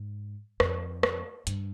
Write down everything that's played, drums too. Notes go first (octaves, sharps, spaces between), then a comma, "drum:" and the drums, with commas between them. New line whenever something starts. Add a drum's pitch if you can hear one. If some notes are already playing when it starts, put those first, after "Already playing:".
Already playing: G#2
F2, drum: rim click
drum: rim click
G2, drum: hi-hat